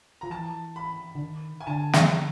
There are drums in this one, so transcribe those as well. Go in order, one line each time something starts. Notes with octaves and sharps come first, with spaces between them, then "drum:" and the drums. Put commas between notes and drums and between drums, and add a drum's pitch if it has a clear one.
F3 A#5
E3 A5
B5
D3
D#3
G#5
D3 A5
drum: snare